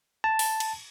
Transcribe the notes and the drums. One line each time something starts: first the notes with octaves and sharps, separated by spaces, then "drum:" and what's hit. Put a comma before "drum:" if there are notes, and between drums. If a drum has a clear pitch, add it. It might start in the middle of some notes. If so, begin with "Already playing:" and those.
A5
drum: open hi-hat
drum: cymbal